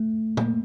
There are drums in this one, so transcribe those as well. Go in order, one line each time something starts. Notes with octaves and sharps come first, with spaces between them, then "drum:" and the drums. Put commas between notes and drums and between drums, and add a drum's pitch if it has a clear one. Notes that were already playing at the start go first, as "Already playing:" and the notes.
Already playing: A3
A#3, drum: tom